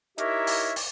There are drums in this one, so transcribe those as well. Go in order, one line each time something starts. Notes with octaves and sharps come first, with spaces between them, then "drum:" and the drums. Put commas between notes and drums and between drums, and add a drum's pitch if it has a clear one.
D#4 E4 G4 A#4 C#5 E5, drum: hi-hat
drum: open hi-hat
drum: open hi-hat